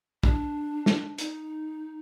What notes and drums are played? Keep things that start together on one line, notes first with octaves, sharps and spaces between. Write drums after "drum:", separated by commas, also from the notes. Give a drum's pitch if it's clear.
D4, drum: kick
drum: snare
D#4, drum: hi-hat